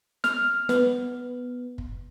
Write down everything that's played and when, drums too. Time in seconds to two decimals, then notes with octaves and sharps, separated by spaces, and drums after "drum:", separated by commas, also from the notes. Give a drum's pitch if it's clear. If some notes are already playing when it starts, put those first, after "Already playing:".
0.24 F6, drum: snare
0.69 B3, drum: snare
1.78 drum: kick